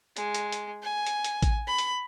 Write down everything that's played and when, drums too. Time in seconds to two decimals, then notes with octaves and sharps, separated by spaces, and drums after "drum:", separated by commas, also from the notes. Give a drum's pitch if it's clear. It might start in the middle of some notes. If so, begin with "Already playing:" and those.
0.16 G#3, drum: hi-hat
0.34 drum: hi-hat
0.52 drum: hi-hat
0.83 G#5
1.06 drum: hi-hat
1.24 drum: hi-hat
1.42 drum: kick A1, hi-hat
1.67 B5
1.78 drum: hi-hat